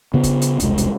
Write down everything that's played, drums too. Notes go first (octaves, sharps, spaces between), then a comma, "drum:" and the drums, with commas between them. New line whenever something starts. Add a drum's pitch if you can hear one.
C#3 B3
drum: kick, hi-hat
drum: hi-hat
E1 C2 G#3, drum: hi-hat
drum: hi-hat